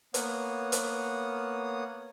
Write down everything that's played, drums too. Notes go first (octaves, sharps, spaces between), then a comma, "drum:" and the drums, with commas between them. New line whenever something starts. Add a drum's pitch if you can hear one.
A#3 B3 C#5 F#5 D#6, drum: hi-hat
drum: hi-hat